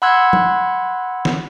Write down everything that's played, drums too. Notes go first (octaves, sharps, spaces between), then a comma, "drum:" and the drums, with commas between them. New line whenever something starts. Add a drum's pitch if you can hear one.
F#5 B5 C6 E6 F#6 G#6
drum: tom F#3
drum: snare